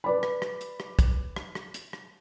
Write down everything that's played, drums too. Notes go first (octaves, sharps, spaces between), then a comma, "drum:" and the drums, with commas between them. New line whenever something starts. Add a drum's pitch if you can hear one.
B4 D5 B5
drum: rim click
drum: rim click
drum: hi-hat
drum: rim click
drum: kick, hi-hat
drum: rim click
drum: rim click
drum: hi-hat
drum: rim click